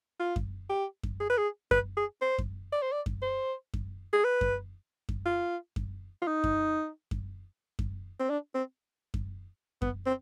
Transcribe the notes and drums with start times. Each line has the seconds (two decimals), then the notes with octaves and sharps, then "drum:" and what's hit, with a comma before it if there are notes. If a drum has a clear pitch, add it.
0.20 F4
0.36 drum: kick F#2
0.69 G4
1.03 drum: kick F#2
1.20 G#4
1.30 B4
1.38 G#4
1.71 B4, drum: kick F#2
1.97 G#4
2.21 C5
2.38 drum: kick F#2
2.72 D5
2.82 C5
2.92 D5
3.06 drum: kick F#2
3.22 C5
3.74 drum: kick F#2
4.13 G#4
4.24 B4
4.41 drum: kick F#2
5.09 drum: kick F#2
5.25 F4
5.76 drum: kick F#2
6.22 F4
6.27 D#4
6.44 drum: kick F#2
7.11 drum: kick F#2
7.79 drum: kick F#2
8.19 C4
8.30 D4
8.54 C4
9.14 drum: kick F#2
9.82 B3, drum: kick F#2
10.06 C4